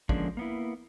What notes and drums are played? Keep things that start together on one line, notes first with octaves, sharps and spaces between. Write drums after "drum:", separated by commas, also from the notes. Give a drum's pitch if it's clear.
D3 F3 G#3 A#3 C#4 D4, drum: kick
A#3 B3 E4